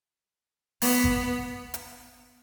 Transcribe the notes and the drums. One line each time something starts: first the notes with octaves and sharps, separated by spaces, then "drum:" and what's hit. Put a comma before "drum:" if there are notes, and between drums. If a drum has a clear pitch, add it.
B3, drum: open hi-hat
drum: kick G1
drum: hi-hat